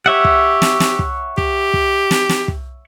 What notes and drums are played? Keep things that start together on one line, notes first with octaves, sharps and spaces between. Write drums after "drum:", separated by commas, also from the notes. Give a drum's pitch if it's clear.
G4 C#5 E5 F#5
drum: kick
drum: snare
drum: snare
drum: kick
G4, drum: kick
drum: kick
drum: snare
drum: snare
drum: kick